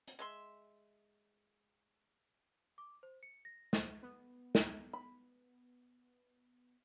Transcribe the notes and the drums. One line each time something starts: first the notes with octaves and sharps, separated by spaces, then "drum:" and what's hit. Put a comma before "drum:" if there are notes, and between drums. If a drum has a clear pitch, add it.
drum: hi-hat
G#3 E5 C6
D6
C5
C#7
A#6
C5, drum: snare
B3
drum: snare
B5